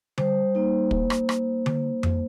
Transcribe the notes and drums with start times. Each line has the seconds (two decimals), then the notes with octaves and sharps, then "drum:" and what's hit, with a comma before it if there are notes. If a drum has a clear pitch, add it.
0.18 G3 C5, drum: tom D3
0.55 A#3 D#4
0.91 A#3, drum: kick
1.10 drum: rim click
1.29 drum: rim click
1.66 drum: tom D3
2.03 drum: tom F2